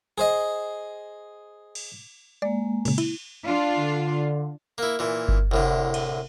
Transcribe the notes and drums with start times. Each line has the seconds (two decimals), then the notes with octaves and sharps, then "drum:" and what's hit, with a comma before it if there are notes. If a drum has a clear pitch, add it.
0.18 G#4 C5 D#5
1.75 drum: cymbal
2.42 G#3 A#3 D5
2.85 A#2 C#3, drum: cymbal
2.98 E4, drum: cymbal
3.46 D4 F4
3.77 D3
4.78 A#3 E4
4.99 A#2 E3
5.28 drum: kick G1
5.51 C2 A2 D3
5.94 drum: cymbal